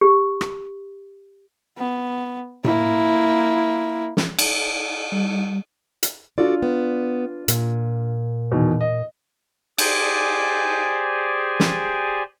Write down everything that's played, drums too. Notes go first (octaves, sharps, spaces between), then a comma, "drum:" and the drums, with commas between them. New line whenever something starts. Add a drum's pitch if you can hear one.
G4
drum: rim click
B3
A#3 E4, drum: tom A2
drum: snare
drum: cymbal
G3
drum: hi-hat
D4 F4 F#4 A4 D5
B3
A#2, drum: hi-hat
E2 B2 D#3
D#5
G4 G#4 C5 D5 G#5, drum: cymbal
drum: snare